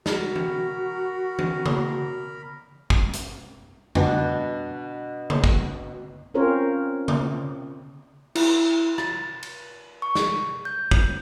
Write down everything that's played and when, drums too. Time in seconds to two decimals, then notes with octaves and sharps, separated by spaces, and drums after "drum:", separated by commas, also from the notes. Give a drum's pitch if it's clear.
0.06 F#4 A#4 A#5 B5, drum: snare
0.36 drum: tom E3
1.39 drum: tom E3
1.66 drum: tom C#3
2.90 drum: kick
3.13 drum: hi-hat
3.95 B2 D4, drum: tom
5.30 drum: tom C#3
5.44 drum: kick
6.34 C4 C#4 F4 A#4 C5 C#5
7.08 drum: tom C#3
8.35 E4, drum: cymbal
8.98 A6, drum: rim click
9.43 drum: cymbal
10.02 C#6
10.15 drum: snare
10.65 G6
10.91 drum: kick